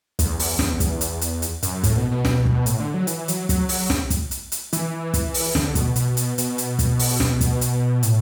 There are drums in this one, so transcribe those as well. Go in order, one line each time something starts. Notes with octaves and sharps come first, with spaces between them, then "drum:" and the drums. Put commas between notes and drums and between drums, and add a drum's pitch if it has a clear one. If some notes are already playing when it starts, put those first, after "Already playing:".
E2, drum: kick, hi-hat
E2, drum: open hi-hat
E2, drum: snare
drum: kick, hi-hat
drum: hi-hat
drum: hi-hat
drum: hi-hat
F#2, drum: hi-hat
A2, drum: kick, hi-hat
B2
B2
drum: snare
drum: kick
A2, drum: hi-hat
D3
F#3
E3, drum: hi-hat
F#3, drum: hi-hat
F#3, drum: kick, hi-hat
F#3, drum: open hi-hat
drum: snare
drum: kick, hi-hat
drum: hi-hat
drum: hi-hat
E3, drum: hi-hat
drum: kick, hi-hat
drum: open hi-hat
D3, drum: snare
B2, drum: kick, hi-hat
B2, drum: hi-hat
drum: hi-hat
B2, drum: hi-hat
drum: hi-hat
drum: kick, hi-hat
drum: open hi-hat
drum: snare
drum: kick, hi-hat
drum: hi-hat
A2, drum: hi-hat